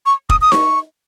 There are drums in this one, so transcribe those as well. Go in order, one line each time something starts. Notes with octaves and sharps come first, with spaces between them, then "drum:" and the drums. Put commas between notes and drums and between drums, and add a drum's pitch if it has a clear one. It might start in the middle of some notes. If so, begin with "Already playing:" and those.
C#6
D#6, drum: kick
D#6
C#6, drum: snare D#4